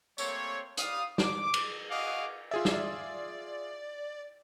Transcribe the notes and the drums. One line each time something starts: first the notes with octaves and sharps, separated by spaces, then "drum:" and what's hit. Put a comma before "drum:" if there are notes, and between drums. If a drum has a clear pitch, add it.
G3 A3 A#3 C4 C#5, drum: tambourine
G3 F5 D#6, drum: hi-hat
D6, drum: snare
drum: cymbal
F#4 G#4 D#5 F5 F#5 D6
F4 G#4 D5 E5
drum: snare